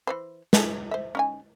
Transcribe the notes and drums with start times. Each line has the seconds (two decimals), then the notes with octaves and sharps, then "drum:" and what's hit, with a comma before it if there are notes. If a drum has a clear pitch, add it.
0.07 E3 B4 C5
0.53 D4 G#4 A4, drum: snare
0.91 C5 E5
1.15 C#4 D#4 G#5